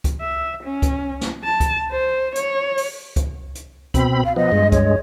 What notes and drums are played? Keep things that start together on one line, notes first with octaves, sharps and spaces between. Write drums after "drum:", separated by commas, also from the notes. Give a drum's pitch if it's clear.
drum: kick C#2, hi-hat
E5
C#4
drum: kick C#2, hi-hat
drum: snare
A5
drum: kick C#2, hi-hat
C5
C#5, drum: hi-hat
drum: open hi-hat
drum: kick C#2, hi-hat
drum: hi-hat
B2 C4 B5, drum: kick C#2, hi-hat
F5
F3 B3 D#5
G2 G#3
C#5, drum: kick C#2, hi-hat